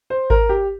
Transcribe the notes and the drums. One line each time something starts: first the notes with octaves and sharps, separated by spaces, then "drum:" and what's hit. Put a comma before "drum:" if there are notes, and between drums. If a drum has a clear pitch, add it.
C5
A#4, drum: kick G#1
G4